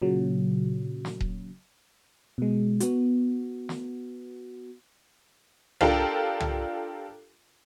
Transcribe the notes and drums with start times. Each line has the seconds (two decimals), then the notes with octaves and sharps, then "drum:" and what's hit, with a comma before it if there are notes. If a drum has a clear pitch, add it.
0.02 A#2 C#3 F#3
1.05 drum: snare
1.20 drum: kick D#1
2.38 B2 G#3
2.80 B3 F#4, drum: hi-hat
3.69 drum: snare
5.81 D4 F4 G4 A4 A#4, drum: tom
6.40 drum: tom